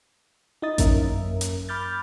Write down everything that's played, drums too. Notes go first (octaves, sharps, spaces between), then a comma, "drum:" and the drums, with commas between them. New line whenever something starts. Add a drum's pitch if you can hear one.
D#4 E4 D#5 D#6 A6
F#2 A#3 C#4 A#4 E5, drum: kick A1, hi-hat
drum: hi-hat
B5 D6 F6 G6 A6